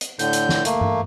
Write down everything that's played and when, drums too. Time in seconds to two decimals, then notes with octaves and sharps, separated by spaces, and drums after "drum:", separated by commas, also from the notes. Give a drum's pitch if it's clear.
0.01 drum: hi-hat
0.19 A2 D3 G6, drum: hi-hat
0.33 drum: hi-hat
0.49 drum: snare
0.65 A3 A#3, drum: hi-hat
0.81 drum: tom G2